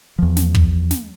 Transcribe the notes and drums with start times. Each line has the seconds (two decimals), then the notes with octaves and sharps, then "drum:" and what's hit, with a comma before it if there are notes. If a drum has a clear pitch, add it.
0.18 E2 F3
0.37 drum: snare
0.55 drum: kick
0.91 drum: snare